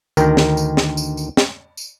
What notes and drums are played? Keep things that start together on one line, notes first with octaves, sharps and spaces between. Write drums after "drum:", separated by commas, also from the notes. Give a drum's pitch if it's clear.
D2 D#3 A#4 G5, drum: tambourine
drum: snare
drum: tambourine
drum: snare
drum: tambourine
drum: tambourine
drum: snare
drum: tambourine